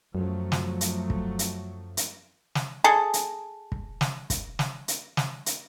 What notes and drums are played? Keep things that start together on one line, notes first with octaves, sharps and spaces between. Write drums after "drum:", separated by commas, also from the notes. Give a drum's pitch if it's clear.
F#2 F3 F#3 A3
drum: snare
drum: hi-hat
drum: kick
drum: hi-hat
drum: hi-hat
drum: snare
G#4 A4
drum: hi-hat
drum: kick
drum: snare
drum: kick, hi-hat
drum: snare
drum: hi-hat
drum: snare
drum: hi-hat